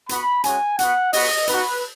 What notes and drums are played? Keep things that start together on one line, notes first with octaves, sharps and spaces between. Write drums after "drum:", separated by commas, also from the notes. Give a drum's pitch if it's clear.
B3 F#4 B5, drum: hi-hat
G#3 C#4 F#4 G#5, drum: hi-hat
B3 F#4 F#5, drum: hi-hat
B3 F#4 D#5, drum: open hi-hat
B3 D#4 F#4 B4, drum: hi-hat